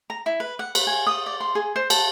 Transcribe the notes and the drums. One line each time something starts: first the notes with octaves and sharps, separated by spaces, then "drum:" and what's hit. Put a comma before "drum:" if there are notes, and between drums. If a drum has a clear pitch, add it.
A#5
E4
B4
F#5
B4, drum: cymbal
G#5
D#6
D5
C6
G#4
C5
A5, drum: cymbal